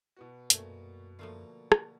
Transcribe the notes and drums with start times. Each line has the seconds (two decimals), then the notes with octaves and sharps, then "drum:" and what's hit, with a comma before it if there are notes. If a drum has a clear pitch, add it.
0.17 B2 B3 F#4
0.50 F#2 A#2 A3 C#4, drum: hi-hat
1.19 D3 F3 A3 A#3 F4
1.72 drum: rim click